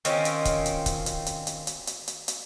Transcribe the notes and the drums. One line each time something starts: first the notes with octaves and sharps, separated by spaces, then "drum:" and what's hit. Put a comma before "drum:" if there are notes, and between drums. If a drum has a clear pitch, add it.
D#3 C4 C#4 F4, drum: hi-hat
drum: hi-hat
drum: kick, hi-hat
drum: hi-hat
drum: kick, hi-hat
drum: hi-hat
drum: hi-hat
drum: hi-hat
drum: hi-hat
drum: hi-hat
drum: hi-hat
drum: hi-hat